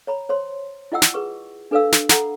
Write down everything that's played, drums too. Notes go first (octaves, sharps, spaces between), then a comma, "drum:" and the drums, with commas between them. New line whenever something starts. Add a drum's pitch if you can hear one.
C#5 A#5 B5
C5 C#5 C6
E4 F4 D#5 F#5 G5 E6
drum: snare
G#4 B4 C#6
D4 A4 B4 D5 F5 E6
drum: snare
A4 F#5 A#5 B5, drum: snare